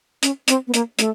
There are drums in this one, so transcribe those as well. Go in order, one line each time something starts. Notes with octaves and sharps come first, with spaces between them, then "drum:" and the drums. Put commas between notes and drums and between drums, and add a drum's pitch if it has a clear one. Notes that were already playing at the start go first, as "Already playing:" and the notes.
C#4, drum: hi-hat
C4, drum: hi-hat
B3
A#3, drum: hi-hat
A3, drum: hi-hat